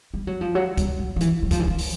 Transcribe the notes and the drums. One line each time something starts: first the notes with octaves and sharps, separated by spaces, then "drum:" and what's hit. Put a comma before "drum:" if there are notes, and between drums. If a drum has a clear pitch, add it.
G3
F#3
F3
F#3
G3, drum: kick C2, hi-hat
F#3
F3
E3, drum: hi-hat
F#3
F3, drum: kick C2, hi-hat
E3
F3
drum: open hi-hat